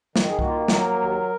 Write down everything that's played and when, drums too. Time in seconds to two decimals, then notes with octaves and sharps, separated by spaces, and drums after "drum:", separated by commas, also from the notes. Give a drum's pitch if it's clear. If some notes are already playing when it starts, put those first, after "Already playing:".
0.16 D#3, drum: snare
0.28 G#4
0.39 A#3 F#4, drum: kick C2
0.47 F4
0.57 F#4
0.68 F#3 A#4, drum: snare
0.95 D#2